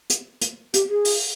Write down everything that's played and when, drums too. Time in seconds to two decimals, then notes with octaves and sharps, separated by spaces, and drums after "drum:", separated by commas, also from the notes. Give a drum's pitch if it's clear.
0.10 drum: hi-hat
0.41 drum: hi-hat
0.74 G4, drum: hi-hat
0.89 G#4
1.05 drum: open hi-hat